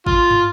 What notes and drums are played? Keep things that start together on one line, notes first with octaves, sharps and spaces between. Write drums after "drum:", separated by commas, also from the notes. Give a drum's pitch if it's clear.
F4, drum: kick
drum: tom